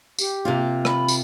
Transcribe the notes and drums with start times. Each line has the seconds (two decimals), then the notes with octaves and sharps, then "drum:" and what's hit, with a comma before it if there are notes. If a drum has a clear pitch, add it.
0.19 G4, drum: tambourine
0.45 C3 A#3 F4
0.85 B5, drum: rim click
1.08 drum: tambourine